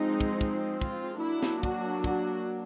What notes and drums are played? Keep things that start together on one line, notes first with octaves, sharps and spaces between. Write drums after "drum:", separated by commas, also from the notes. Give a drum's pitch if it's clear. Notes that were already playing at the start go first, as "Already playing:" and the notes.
Already playing: F3 G#3 C4 D#4
drum: kick
drum: kick
F4, drum: kick
F#3 A#3 D4 E4
drum: snare
F#4, drum: kick
F#4, drum: kick